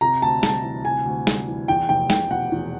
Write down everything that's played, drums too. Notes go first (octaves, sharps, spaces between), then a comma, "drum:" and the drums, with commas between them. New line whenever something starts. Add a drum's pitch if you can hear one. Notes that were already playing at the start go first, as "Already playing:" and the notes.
C3 A#5
D2 A5
G3 A5, drum: snare
E3
C3 G#5
D2
G3, drum: snare
E3
E2 G5
F1 G5
F1 G5, drum: snare
B2 F#5
E2